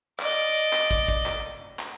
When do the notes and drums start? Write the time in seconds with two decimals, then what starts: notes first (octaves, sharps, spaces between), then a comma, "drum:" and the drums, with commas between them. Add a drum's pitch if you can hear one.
0.20 D5 D#5, drum: clap
0.73 drum: clap
0.91 drum: kick
1.08 drum: kick
1.26 drum: clap
1.79 drum: clap